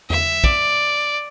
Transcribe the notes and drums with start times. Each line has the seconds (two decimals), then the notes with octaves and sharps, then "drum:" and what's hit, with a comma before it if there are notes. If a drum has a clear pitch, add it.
0.10 E5, drum: tom E2
0.44 D5, drum: kick